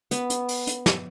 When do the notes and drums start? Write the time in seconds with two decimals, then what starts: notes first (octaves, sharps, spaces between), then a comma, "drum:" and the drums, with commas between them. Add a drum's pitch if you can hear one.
0.11 B3, drum: hi-hat
0.30 drum: hi-hat
0.49 drum: open hi-hat
0.67 drum: hi-hat
0.86 drum: snare